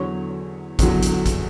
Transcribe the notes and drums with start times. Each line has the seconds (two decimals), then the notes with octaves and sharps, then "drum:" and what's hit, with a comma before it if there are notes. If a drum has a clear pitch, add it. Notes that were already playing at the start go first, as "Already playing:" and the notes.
Already playing: E2 D3 F#3 C#5
0.79 E2 D3 F#3, drum: kick G#1, hi-hat
1.02 drum: hi-hat
1.26 drum: kick G#1, hi-hat